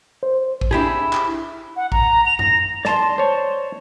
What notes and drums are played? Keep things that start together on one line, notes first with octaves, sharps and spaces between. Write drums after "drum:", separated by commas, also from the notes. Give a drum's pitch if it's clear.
C5
drum: kick
D4 E4 G4 G#4
drum: clap
F#5
A#5, drum: kick
F7
A#6, drum: tom F#2
D5 A5 C6, drum: snare
C5 C#5